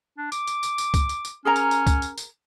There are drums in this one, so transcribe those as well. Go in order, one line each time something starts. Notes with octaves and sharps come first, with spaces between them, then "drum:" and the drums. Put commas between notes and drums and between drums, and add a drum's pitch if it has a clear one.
D4
D6, drum: tambourine
drum: tambourine
drum: tambourine
drum: tambourine
drum: kick C#2, tambourine
drum: tambourine
drum: tambourine
C#4 G#4 A#4 A#5
drum: tambourine
drum: tambourine
drum: kick C#2, tambourine
drum: tambourine
drum: tambourine